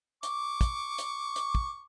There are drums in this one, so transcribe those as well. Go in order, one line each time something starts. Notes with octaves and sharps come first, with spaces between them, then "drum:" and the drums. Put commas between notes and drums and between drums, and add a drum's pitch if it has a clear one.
C#6 D6, drum: hi-hat
drum: kick, hi-hat
drum: hi-hat
drum: hi-hat
drum: kick